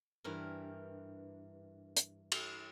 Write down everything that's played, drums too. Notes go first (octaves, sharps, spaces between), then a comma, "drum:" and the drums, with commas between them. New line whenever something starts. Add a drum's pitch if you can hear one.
G2 E3 A#4
drum: hi-hat
drum: cymbal